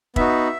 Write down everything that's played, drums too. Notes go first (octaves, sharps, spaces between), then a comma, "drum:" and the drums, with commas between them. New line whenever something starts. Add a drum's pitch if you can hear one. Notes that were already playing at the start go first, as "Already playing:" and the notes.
B3 D#4 F#4 E5, drum: kick